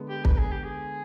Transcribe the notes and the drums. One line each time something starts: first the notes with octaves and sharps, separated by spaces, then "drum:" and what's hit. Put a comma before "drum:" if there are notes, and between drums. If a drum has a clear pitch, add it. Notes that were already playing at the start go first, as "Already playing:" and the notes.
Already playing: D3 G#3 B3
G4
B4, drum: kick
G#4
G4
G#4